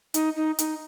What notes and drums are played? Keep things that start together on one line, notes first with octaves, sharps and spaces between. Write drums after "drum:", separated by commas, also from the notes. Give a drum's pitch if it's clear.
D#4, drum: hi-hat
D#4
D#4, drum: hi-hat